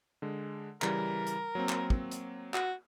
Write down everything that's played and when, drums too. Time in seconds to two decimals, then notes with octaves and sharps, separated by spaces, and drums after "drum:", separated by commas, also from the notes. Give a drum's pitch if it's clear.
0.22 D3 G#3
0.82 C#3 E3 G3 A#4, drum: clap
1.27 drum: hi-hat
1.55 F#3 A#3 C4
1.69 drum: clap
1.90 drum: kick
2.11 drum: hi-hat
2.54 F#4, drum: clap